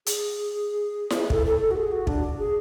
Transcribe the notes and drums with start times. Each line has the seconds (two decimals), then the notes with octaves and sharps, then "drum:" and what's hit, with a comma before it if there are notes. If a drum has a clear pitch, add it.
0.06 G#4, drum: hi-hat
1.10 drum: snare E4
1.30 A4, drum: kick
1.46 A4
1.62 A4
1.71 F#4
1.77 G#4
1.92 F#4
2.07 D4, drum: kick
2.39 G#4